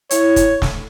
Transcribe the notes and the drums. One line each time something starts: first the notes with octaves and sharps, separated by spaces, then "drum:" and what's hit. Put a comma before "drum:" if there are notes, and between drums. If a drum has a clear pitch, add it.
E4 C#5, drum: hi-hat
drum: kick, hi-hat
drum: snare